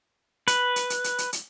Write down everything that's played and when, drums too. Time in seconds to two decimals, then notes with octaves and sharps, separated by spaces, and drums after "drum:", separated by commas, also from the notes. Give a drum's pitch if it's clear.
0.48 B4, drum: hi-hat
0.76 drum: hi-hat
0.90 drum: hi-hat
1.04 drum: hi-hat
1.18 drum: hi-hat
1.33 drum: hi-hat